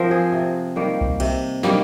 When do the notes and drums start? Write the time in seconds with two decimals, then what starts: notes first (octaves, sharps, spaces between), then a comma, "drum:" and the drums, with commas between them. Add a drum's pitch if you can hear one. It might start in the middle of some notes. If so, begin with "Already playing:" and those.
Already playing: F3 C4 A#4 C5
0.11 G#4
0.32 C3
0.76 D#3 G3 A#3
1.01 drum: kick B1
1.20 C3, drum: cymbal
1.63 D#3 G3 A#3, drum: snare